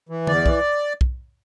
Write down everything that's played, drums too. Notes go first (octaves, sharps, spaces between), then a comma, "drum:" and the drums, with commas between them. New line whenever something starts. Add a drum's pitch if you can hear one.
E3
E2 D5, drum: tom
E3, drum: kick
drum: kick